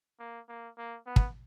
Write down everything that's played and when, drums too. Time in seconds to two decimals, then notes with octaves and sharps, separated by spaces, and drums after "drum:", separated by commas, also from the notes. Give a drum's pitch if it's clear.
0.20 A#3
0.49 A#3
0.78 A#3
1.07 B3
1.16 drum: kick